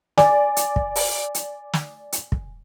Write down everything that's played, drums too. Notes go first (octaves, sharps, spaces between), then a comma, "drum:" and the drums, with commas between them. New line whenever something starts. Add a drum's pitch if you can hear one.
D5 G#5, drum: snare
drum: hi-hat
drum: kick
drum: open hi-hat
drum: hi-hat
drum: snare
drum: hi-hat
drum: kick